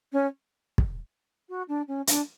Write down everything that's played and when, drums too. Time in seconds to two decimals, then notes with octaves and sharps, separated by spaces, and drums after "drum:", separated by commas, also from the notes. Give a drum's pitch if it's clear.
0.12 C#4
0.78 drum: kick
1.49 F#4
1.68 D4
1.88 C#4
2.07 D4, drum: hi-hat